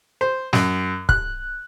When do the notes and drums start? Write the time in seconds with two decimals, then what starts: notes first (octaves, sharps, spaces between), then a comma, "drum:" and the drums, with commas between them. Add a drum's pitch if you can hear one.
0.21 C5
0.53 F#2, drum: snare
1.09 F#6, drum: kick